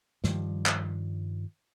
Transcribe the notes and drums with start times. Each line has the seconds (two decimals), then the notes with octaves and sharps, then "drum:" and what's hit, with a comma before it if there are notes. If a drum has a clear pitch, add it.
0.24 G2 D#3 F3 G3, drum: snare
0.66 drum: clap